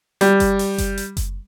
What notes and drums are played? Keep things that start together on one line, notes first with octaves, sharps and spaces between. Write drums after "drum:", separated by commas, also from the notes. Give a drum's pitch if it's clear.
G3, drum: hi-hat
drum: kick F#1, hi-hat
drum: open hi-hat
drum: kick F#1, hi-hat
drum: hi-hat
drum: kick F#1, hi-hat